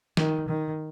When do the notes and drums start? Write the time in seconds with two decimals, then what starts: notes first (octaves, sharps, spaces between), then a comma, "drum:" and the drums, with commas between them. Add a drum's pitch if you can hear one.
0.17 D#3, drum: snare
0.48 D#3